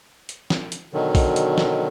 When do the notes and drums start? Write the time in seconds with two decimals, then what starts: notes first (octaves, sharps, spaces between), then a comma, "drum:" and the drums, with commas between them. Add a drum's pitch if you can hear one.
0.29 drum: hi-hat
0.50 drum: snare
0.72 drum: hi-hat
0.93 B2 D3 D#3 F#3
1.15 drum: kick A#1, open hi-hat
1.36 drum: hi-hat
1.58 drum: snare